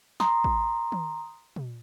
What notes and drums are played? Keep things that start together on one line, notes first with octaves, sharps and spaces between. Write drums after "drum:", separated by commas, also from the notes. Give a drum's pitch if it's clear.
A#5 C6 D#6, drum: snare
drum: kick
drum: tom D#3
drum: tom